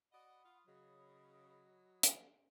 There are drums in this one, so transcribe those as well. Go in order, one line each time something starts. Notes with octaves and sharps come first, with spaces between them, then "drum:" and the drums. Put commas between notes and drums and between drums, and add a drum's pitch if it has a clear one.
F#4 D5 D#5 F#5 B5 D#6
F4
C#3 F#3 D#5
drum: hi-hat